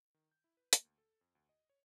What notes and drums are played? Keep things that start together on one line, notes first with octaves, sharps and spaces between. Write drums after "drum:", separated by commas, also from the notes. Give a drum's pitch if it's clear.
D#3
G6
E4
B4
A#3, drum: hi-hat
D2
A4
F2
D2
D#5
C#5